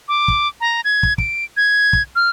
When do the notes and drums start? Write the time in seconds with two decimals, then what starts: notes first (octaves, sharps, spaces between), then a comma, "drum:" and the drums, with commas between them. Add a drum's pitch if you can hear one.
0.08 D6
0.28 drum: kick
0.61 A#5
0.84 G#6
1.03 drum: kick
1.18 D7, drum: kick
1.57 G#6
1.93 drum: kick
2.16 F6